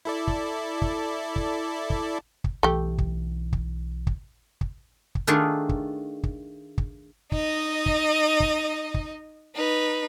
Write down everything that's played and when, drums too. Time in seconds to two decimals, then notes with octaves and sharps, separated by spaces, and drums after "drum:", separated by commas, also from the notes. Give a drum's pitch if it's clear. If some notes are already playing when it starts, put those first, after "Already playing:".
0.05 E4 A4 D5
0.27 drum: kick
0.82 drum: kick
1.36 drum: kick
1.90 drum: kick
2.44 drum: kick
2.63 B1 E3 A3 G4
2.98 drum: kick
3.53 drum: kick
4.07 drum: kick
4.61 drum: kick
5.15 drum: kick
5.27 D#3 A3 D4 F4 G#4 A#4
5.69 drum: kick
6.23 drum: kick
6.78 drum: kick
7.32 D#4 D#5, drum: kick
7.86 drum: kick
8.40 drum: kick
8.94 drum: kick
9.56 D#4 B4